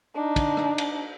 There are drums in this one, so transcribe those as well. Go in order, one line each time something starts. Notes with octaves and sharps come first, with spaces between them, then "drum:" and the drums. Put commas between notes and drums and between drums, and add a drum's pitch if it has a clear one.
D4 D#4
drum: kick, cymbal
drum: rim click
drum: cymbal